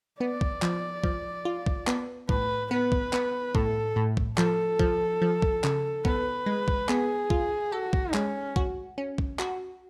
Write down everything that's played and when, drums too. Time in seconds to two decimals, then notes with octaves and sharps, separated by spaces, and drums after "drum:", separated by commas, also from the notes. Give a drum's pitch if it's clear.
0.20 B3 D5
0.41 drum: kick
0.62 F3, drum: clap
1.04 F3, drum: kick
1.45 F4
1.66 drum: kick
1.87 B3, drum: clap
2.29 A2 B4, drum: kick
2.71 B3 B4
2.92 drum: kick
3.13 B3, drum: clap
3.55 A2 A4, drum: kick
3.96 A2
4.17 drum: kick
4.38 F3 A4, drum: clap
4.79 F3, drum: kick
5.22 F3
5.42 drum: kick
5.64 C#3, drum: clap
6.05 B3 B4, drum: kick
6.46 G#3
6.68 drum: kick
6.89 B3 G#4, drum: clap
7.30 F4, drum: kick
7.72 F#4 A4
7.93 drum: kick
8.14 G#3 C#4, drum: clap
8.56 F#4, drum: kick
8.98 C#4
9.18 drum: kick
9.39 F#4, drum: clap